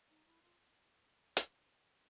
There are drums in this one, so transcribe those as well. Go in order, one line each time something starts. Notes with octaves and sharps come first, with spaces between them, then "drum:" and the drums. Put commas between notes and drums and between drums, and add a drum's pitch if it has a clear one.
D#4
E4
F4
drum: hi-hat